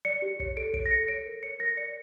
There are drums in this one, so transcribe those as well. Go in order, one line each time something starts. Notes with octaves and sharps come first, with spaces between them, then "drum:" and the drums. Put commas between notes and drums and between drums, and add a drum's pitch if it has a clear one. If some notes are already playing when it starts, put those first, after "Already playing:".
D5 C#7
G4
C#5 C#7, drum: kick
A4 D7
C#5 D7, drum: kick
A#6
A4 C#7
C#5 D7
A#4
C#5 C#7
A#4 A#6
D5 C#7